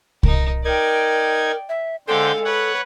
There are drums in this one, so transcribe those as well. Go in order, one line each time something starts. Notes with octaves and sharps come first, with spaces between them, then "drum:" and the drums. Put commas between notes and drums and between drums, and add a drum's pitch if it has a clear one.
D#4 A#4, drum: kick C2
D#4 A#4 D5 G5 G#6
E5
D3 G#3 A4 C5 F5 G5
B4 C#5 F#5